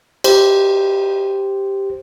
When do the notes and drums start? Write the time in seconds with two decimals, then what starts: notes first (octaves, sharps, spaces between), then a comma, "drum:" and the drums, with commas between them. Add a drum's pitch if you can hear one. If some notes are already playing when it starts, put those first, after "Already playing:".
0.24 G4 C5, drum: cymbal